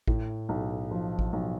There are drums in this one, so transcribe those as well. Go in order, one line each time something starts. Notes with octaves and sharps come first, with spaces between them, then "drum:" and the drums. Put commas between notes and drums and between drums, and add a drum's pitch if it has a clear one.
A2, drum: kick A1
B1
F3
drum: kick A1
B1